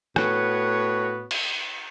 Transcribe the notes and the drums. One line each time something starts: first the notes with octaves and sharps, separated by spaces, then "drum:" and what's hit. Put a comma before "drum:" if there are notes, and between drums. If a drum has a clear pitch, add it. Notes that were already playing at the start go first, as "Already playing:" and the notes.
A2 B3 F#4 C#5, drum: rim click
drum: cymbal